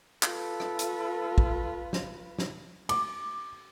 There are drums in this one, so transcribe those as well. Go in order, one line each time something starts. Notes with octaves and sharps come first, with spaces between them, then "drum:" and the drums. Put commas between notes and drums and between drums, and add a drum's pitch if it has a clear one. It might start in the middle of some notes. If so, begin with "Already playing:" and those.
F4 A4 B4, drum: clap
drum: rim click
drum: hi-hat
drum: kick
drum: snare
drum: snare
D6, drum: cymbal